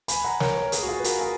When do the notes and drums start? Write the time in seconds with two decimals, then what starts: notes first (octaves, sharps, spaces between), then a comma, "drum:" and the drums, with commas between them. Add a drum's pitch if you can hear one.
0.08 G#5 B5, drum: hi-hat
0.25 F#5 A#5
0.40 A#4 C#5, drum: snare
0.56 A#4 C#5
0.72 G#4 B4, drum: hi-hat
0.83 F#4
0.88 F4 G#4
1.00 B4
1.04 F#4 A#4, drum: hi-hat
1.21 F4 G#4